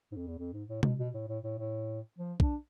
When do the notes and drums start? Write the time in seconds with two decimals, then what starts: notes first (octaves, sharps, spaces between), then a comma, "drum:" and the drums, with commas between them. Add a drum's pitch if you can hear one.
0.12 G#2
0.16 F2
0.27 E2
0.39 F2
0.53 G#2
0.69 A2
0.83 B2, drum: tom C3
0.99 B2
1.14 A2
1.28 A2
1.44 A2
1.58 A2
2.18 F3
2.40 D4, drum: kick